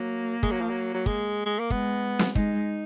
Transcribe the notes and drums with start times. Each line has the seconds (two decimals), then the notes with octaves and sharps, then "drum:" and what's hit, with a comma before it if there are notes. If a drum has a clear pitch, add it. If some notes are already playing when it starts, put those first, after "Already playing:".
Already playing: F#3 A#3
0.43 G#3, drum: kick
0.51 F#3
0.61 F3
0.70 F#3
0.94 F#3
1.06 G#3, drum: kick
1.46 G#3
1.59 A#3
1.70 G#3 B3, drum: kick
2.19 drum: snare
2.35 G#3 D#4, drum: kick